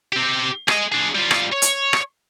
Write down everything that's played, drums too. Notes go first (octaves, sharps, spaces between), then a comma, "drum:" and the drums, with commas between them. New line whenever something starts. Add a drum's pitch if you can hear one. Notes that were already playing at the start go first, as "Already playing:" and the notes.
C4 G4
G#4 D#5, drum: rim click
D4 G#4
G3 F4
drum: rim click
C#5
drum: hi-hat
drum: rim click